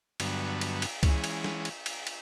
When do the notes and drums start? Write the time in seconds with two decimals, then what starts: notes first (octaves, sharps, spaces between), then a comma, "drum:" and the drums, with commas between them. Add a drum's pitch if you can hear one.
0.20 G2 D3 F#3 B3, drum: cymbal
0.61 drum: cymbal
0.82 drum: cymbal
1.03 E3 G#3 C#4, drum: kick C#2, cymbal
1.24 drum: cymbal
1.44 drum: snare
1.65 drum: cymbal
1.86 drum: cymbal
2.07 drum: cymbal